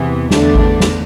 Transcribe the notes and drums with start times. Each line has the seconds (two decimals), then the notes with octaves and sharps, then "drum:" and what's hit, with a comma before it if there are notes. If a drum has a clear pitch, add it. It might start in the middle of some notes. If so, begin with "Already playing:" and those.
Already playing: E2 C3 E3 B3
0.31 E2 D3 A3 D4, drum: snare
0.55 drum: kick G#1
0.80 drum: snare